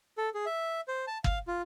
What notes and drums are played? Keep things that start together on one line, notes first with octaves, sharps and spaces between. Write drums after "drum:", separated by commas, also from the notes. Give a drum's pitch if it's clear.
A4
G#4
E5
C5
A5
F5, drum: kick
F4